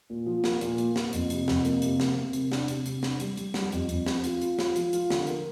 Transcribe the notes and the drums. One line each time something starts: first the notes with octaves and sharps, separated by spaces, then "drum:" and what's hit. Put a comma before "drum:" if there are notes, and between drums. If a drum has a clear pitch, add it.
A#2
F3
A#3, drum: snare
A#2, drum: hi-hat
A#3, drum: hi-hat
A#3, drum: snare
F2, drum: hi-hat
C3, drum: hi-hat
F2, drum: snare
A#3, drum: hi-hat
C3, drum: hi-hat
A#3, drum: snare
C3
C3, drum: hi-hat
D4, drum: snare
C3, drum: hi-hat
C3, drum: hi-hat
D4, drum: snare
G3, drum: hi-hat
G3, drum: hi-hat
G3, drum: snare
F2, drum: hi-hat
F2, drum: hi-hat
C4, drum: snare
F4, drum: hi-hat
F4, drum: hi-hat
F4, drum: snare
F3, drum: hi-hat
F4, drum: hi-hat
D3, drum: snare
A#4, drum: hi-hat